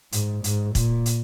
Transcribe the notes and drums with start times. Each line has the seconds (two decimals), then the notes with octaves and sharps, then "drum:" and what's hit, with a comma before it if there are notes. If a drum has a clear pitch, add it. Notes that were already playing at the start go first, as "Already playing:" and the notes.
0.12 G#2, drum: hi-hat
0.44 G#2, drum: hi-hat
0.75 A#2, drum: kick, hi-hat
1.06 drum: hi-hat